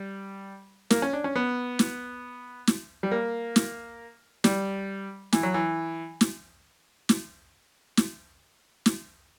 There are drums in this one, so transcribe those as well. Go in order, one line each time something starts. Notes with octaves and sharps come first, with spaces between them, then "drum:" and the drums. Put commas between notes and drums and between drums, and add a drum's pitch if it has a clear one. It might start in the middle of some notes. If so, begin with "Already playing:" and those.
Already playing: G3
A#3, drum: snare
C#4
D4
C#4
B3
drum: snare
drum: snare
G3
A#3
drum: snare
G3, drum: snare
E3, drum: snare
F#3
E3
drum: snare
drum: snare
drum: snare
drum: snare